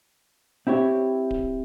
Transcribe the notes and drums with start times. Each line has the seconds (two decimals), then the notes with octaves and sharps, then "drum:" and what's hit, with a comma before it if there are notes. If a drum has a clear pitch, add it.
0.67 C4 E4 G4 C#5
1.31 drum: kick D1